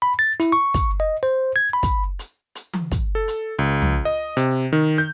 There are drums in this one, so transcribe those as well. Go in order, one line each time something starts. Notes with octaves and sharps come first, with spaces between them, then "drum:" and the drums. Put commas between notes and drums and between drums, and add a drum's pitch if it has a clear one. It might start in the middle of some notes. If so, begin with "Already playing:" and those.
B5
A6
E4, drum: hi-hat
C#6
drum: kick, hi-hat
D#5
C5
G#6
B5
drum: kick, hi-hat
drum: hi-hat
drum: hi-hat
drum: tom E3
drum: kick, hi-hat
A4
drum: hi-hat
C#2
drum: tom
D#5
C3, drum: hi-hat
D#3
G6